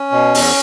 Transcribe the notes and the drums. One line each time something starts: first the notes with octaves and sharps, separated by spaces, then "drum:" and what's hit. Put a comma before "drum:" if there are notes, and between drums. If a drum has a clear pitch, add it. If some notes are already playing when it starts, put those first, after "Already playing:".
Already playing: C#4
B2
E2, drum: open hi-hat